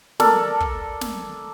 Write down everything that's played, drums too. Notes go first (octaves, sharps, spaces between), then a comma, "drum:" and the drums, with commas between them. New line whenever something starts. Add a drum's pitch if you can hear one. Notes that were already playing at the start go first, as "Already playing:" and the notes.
A4 A#4 D5, drum: snare
drum: kick
drum: snare